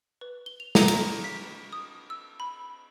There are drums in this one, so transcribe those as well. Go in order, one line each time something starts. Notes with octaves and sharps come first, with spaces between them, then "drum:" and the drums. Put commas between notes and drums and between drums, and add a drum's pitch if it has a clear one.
B4
G7
F7
A#5, drum: snare
drum: cymbal
B6
D#6
E6
B5